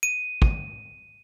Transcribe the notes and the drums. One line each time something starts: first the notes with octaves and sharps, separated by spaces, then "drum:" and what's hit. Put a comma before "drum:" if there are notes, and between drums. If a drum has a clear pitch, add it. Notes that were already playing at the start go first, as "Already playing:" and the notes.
D#7
drum: kick